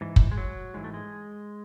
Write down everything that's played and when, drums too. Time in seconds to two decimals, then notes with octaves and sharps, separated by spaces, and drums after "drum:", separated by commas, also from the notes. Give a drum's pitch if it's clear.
0.01 G#2 E3
0.16 drum: kick
0.32 G#3
0.38 F#3
0.74 G#2 E3 G#3
0.84 A3
0.94 G#3